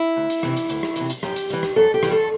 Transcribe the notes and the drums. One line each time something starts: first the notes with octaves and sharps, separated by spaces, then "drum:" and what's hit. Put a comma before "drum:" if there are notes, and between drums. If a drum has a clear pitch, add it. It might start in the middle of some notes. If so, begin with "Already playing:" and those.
Already playing: E4
D2
drum: hi-hat
C3 E3, drum: rim click
drum: hi-hat
D2, drum: hi-hat
drum: rim click
C3 E3, drum: hi-hat
drum: hi-hat
F#2 G4, drum: rim click
drum: hi-hat
E3 G3, drum: hi-hat
drum: rim click
F#2 A4
G4
E3 G3, drum: rim click
A4